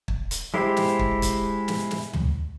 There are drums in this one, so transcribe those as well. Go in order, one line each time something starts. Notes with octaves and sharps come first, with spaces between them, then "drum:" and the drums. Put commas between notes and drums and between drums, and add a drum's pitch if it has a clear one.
drum: kick
drum: hi-hat
G#3 E4 G4 C5 G5
drum: snare
drum: kick
drum: kick, hi-hat
drum: snare
drum: snare
drum: tom